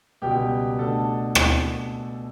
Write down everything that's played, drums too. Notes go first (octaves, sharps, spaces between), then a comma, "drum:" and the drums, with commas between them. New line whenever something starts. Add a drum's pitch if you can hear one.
C#2 B2 G3 G4 G5
B2 A3 D4 A4 A5
drum: rim click